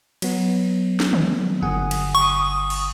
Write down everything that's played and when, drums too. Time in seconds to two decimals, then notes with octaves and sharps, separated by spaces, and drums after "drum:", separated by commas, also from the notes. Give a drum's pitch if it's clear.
0.22 F#3 B3 F#4, drum: cymbal
1.00 drum: snare
1.13 drum: tom
1.62 G1 F#5 G#5 D#6
1.91 drum: cymbal
2.15 C#6
2.70 drum: cymbal